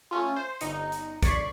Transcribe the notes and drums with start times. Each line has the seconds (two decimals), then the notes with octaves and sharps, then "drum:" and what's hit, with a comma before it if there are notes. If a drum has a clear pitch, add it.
0.11 A3 C#4 F4
0.36 C5
0.61 G1 D#4 C#7, drum: hi-hat
0.92 drum: hi-hat
1.23 D5 C#6 G#6 B6 C7, drum: kick, hi-hat